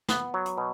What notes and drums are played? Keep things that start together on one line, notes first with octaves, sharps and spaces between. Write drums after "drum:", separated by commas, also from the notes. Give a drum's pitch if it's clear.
B3, drum: snare
F#3
drum: hi-hat
B2